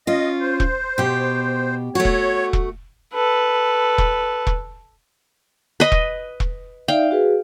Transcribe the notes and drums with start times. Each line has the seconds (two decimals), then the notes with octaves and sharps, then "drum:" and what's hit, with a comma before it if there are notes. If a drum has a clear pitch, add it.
0.07 C#4 F4 D#5
0.41 C5
0.60 drum: kick E1
0.98 B2 G4
1.95 A3 F#4 C#5
2.05 drum: kick E1
2.53 drum: kick E1
3.14 A4 B4
3.98 drum: kick E1
4.47 drum: kick E1
5.80 B4 D#5
5.92 drum: kick E1
6.40 drum: kick E1
6.88 D#4 D5 E5 F5 G5
7.11 F#4 G#4 B4